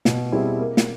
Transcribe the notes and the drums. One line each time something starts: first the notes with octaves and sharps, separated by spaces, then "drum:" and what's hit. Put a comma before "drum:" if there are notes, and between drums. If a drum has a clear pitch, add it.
B2, drum: snare
G3 C4 E4 G#4
A#3
drum: snare